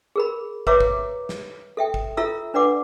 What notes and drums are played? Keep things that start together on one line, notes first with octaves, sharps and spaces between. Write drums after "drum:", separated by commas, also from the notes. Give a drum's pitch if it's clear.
G#4 A#4 B5
B4 C#5 E5 F5 A#5 D6, drum: kick
drum: kick
drum: snare
A4 E5 G5
drum: kick
F4 A4 E5 A#5 E6
D4 B4 D5 F#5 D6